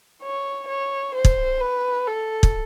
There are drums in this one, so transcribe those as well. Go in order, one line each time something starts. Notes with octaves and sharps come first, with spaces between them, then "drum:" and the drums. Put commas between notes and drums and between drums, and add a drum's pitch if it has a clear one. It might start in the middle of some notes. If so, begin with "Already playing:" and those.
C#5
C#5
C5
drum: kick
B4
A4
drum: kick